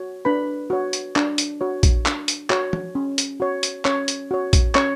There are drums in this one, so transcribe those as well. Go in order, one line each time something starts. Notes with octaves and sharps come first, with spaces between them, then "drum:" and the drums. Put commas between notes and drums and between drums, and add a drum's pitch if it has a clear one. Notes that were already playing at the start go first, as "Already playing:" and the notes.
Already playing: F#4 C#5
D4 B4 B5
F#4 C#5
drum: hi-hat
D4, drum: clap
drum: hi-hat
F#4 C#5
drum: kick A#1, hi-hat
D4, drum: clap
drum: hi-hat
F#4 C#5, drum: clap
drum: tom
C#4
drum: hi-hat
F#4 C#5
drum: hi-hat
C#4 C#5 C#6, drum: clap
drum: hi-hat
F#4 C#5
drum: kick A#1, hi-hat
C#4 C#5 C#6, drum: clap